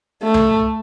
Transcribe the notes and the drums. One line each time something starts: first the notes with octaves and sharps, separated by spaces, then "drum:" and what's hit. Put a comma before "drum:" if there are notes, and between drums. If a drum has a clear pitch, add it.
A3
drum: tom C#2